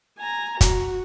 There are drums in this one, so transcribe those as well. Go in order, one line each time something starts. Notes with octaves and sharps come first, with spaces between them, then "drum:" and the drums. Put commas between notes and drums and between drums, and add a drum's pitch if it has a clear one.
G#5 A#5
F#4, drum: kick, hi-hat